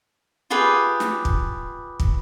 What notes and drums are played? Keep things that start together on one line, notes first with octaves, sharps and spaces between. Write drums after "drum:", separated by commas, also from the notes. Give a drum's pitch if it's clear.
F4 G4 G#4 B4
drum: snare
drum: kick
drum: kick